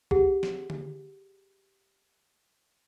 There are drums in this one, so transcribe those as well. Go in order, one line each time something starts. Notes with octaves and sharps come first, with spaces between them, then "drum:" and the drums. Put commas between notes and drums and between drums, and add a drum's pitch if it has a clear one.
G4 G#4 F#5, drum: kick B1
drum: snare
drum: tom D3